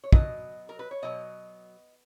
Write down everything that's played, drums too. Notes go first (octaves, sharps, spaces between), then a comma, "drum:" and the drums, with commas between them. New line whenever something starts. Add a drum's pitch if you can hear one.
C#5
B2 F#3 D#5, drum: kick
A#4
B4
C#5
B2 F#3 D#5